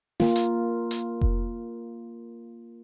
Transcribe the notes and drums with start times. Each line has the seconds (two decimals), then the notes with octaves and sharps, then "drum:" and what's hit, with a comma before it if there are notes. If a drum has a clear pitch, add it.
0.20 A#3 F4, drum: snare
0.36 drum: hi-hat
0.91 drum: hi-hat
1.21 drum: kick F1